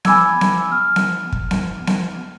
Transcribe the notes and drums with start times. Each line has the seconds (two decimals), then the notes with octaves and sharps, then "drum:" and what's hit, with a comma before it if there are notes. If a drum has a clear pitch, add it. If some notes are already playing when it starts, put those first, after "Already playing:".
0.05 G#5 B5 D6 E6 G#6, drum: snare B3
0.41 drum: snare B3
0.72 F6
0.96 drum: snare B3
1.32 drum: kick
1.51 drum: snare B3
1.87 drum: snare B3